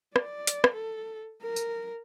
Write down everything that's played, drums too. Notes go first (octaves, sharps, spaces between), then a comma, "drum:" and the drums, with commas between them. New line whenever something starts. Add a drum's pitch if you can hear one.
D5, drum: rim click
drum: hi-hat
drum: rim click
A4
A#4
drum: tambourine